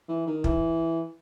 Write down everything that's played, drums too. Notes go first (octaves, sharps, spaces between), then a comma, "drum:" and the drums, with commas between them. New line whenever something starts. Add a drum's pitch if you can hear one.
E3
D#3
E3, drum: kick